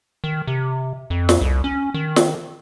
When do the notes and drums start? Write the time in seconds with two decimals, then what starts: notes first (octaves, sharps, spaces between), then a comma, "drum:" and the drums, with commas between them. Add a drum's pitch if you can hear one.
0.24 D#3
0.47 C3
1.10 F2
1.29 drum: snare
1.41 C2
1.64 C#4
1.94 D#3
2.16 drum: snare